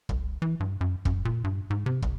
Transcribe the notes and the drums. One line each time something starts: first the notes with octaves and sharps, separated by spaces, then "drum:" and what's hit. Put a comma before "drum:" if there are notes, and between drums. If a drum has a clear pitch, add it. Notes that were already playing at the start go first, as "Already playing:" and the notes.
C2, drum: kick
E3
G2
F#2
F#2, drum: kick
A#2
G2
G#2
C3
C2, drum: kick